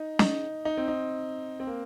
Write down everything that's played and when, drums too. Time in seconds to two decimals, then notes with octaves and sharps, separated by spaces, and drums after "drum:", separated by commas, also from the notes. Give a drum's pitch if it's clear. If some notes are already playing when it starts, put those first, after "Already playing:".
Already playing: D#4
0.19 D#4, drum: snare
0.65 D#4
0.77 C4
0.88 D#4
1.60 C4
1.67 A#3